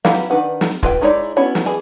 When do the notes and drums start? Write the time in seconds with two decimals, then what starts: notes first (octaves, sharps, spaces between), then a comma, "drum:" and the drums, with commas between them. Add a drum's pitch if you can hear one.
0.05 F#3 E4 G4 B4 F5, drum: snare
0.30 D#3 D4 B4 F#5
0.61 drum: snare
0.83 F4 B4 G5, drum: kick
1.01 G#3 D#4 E4 C#5 D5
1.37 B3 C#4 E4 F#4 C#5
1.55 drum: snare
1.66 E3 G#4 G#5